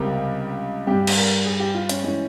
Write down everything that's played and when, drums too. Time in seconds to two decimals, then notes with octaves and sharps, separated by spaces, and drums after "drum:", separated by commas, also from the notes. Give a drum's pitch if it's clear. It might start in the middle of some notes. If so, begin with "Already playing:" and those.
Already playing: C#2 C3 G3 A#4
0.87 G2 G3 G4
1.07 drum: cymbal
1.17 A#4
1.46 G#4
1.60 G4
1.74 F4
1.89 C#4, drum: hi-hat
2.04 E3 G#3 C#4